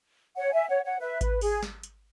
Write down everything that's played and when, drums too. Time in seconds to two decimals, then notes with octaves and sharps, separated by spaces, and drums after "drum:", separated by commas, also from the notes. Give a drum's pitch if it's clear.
0.37 C#5 F#5
0.53 E5 G#5
0.68 C#5 F#5
0.84 C#5 F#5
1.00 B4 E5
1.21 B4, drum: kick G#1, hi-hat
1.41 G#4, drum: open hi-hat
1.63 drum: snare
1.83 drum: hi-hat